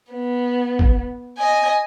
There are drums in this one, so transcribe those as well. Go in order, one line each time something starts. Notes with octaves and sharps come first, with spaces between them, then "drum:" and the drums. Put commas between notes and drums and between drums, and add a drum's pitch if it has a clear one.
B3
drum: kick A1
D#5 G#5